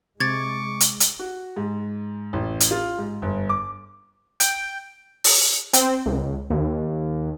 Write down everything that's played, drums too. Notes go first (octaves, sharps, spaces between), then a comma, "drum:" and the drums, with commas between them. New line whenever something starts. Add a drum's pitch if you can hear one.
C3 G#3 C#6 D6 G#6 A6
drum: hi-hat
drum: hi-hat
F#4
G#2
A1
drum: hi-hat
F4
G#2
G1
D6
G5, drum: hi-hat
drum: open hi-hat
C4, drum: hi-hat
C#2
D#2